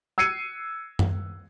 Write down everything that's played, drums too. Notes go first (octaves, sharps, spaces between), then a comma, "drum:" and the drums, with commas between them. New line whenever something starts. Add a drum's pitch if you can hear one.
E6 G#6 C7 C#7 D#7
drum: tom F#2